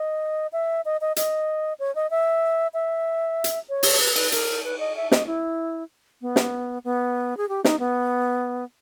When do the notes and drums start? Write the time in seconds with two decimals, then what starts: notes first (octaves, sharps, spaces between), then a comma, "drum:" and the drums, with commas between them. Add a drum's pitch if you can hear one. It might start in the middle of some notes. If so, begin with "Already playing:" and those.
Already playing: D#5
0.53 E5
0.85 D#5
1.01 D#5
1.16 D#5, drum: hi-hat
1.79 C#5
1.95 D#5
2.10 E5
2.74 E5
3.44 drum: hi-hat
3.69 C#5
3.83 drum: open hi-hat
4.00 B4
4.16 B4, drum: cymbal
4.32 A#4, drum: hi-hat
4.64 B4
4.79 D#5
4.96 E5
5.12 D#5, drum: snare
5.27 E4
6.21 B3
6.36 drum: snare
6.84 B3
7.37 G#4
7.49 G4
7.64 D#4, drum: snare
7.79 B3